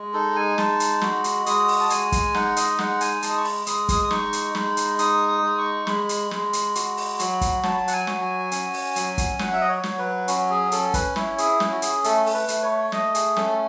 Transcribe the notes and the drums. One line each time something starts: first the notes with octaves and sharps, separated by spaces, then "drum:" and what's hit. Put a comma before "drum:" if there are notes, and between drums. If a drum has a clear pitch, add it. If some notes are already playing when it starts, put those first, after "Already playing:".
Already playing: G#3
D#4 A4
G#5
G#3 A5, drum: snare
drum: hi-hat
F#4 B5, drum: snare
drum: hi-hat
G#3 D#6, drum: hi-hat
drum: open hi-hat
A5
G#3 G#5, drum: hi-hat
drum: kick, hi-hat
D#4 F#5, drum: snare
D#5, drum: hi-hat
G#3 F#5, drum: snare
G#5, drum: hi-hat
G#3 A5, drum: hi-hat
D#6
C#6
B5, drum: open hi-hat
G#3 D#6, drum: hi-hat
D#6, drum: kick, hi-hat
D#6
D#4 C#6, drum: snare
drum: hi-hat
G#3 B5, drum: snare
drum: hi-hat
D#4 D#6, drum: hi-hat
D#6
G#3
C#6
G#3 B5, drum: snare
drum: hi-hat
G#3, drum: snare
drum: hi-hat
F#4, drum: hi-hat
drum: open hi-hat
F#3, drum: hi-hat
drum: kick, hi-hat
F#3 A5, drum: snare
F#5, drum: hi-hat
G#5
F#4, drum: snare
G#5
C#4, drum: hi-hat
drum: open hi-hat
F#3, drum: hi-hat
drum: kick, hi-hat
F#3 F#5, drum: snare
E5
D#5
C#5
F#3, drum: snare
B4
C#4 F#4, drum: hi-hat
G#4
C#4 A4, drum: hi-hat
B4, drum: kick, hi-hat
E4 C#5, drum: snare
G#4, drum: hi-hat
C#4, drum: snare
F#4
G#4, drum: hi-hat
A3 A4, drum: hi-hat
A4, drum: open hi-hat
B4
A3, drum: hi-hat
C#5
A3 D#5, drum: snare
G#4, drum: hi-hat
C#4 A4, drum: snare